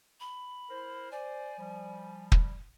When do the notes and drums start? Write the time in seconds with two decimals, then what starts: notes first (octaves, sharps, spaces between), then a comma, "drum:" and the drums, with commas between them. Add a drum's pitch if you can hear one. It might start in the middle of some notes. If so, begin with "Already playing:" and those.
0.20 B5
0.70 E4 A#4 C5
1.11 C5 D5 G#5
1.59 F3 G3
2.32 drum: kick